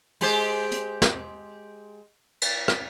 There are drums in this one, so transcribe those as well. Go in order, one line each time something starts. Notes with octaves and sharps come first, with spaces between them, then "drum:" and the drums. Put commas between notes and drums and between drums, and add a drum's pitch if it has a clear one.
G#3 G4 C5, drum: open hi-hat
drum: hi-hat
drum: snare
drum: cymbal
drum: rim click